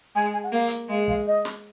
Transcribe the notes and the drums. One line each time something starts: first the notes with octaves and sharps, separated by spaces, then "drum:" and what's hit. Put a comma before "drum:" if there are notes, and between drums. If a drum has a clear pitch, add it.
G#3 G#5
G#5
F#5
A#3 F5
drum: hi-hat
G#3 F5
F5, drum: kick
D#5
drum: snare